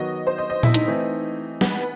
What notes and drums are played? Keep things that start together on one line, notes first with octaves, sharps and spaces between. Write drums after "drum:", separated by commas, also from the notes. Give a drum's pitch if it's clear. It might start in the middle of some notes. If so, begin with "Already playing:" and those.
Already playing: D#3 F#3 B3 F#4 D#5
C5
D#5
D#5
E4, drum: tom A#2
D#4, drum: hi-hat
E3 A3 C4
B3, drum: snare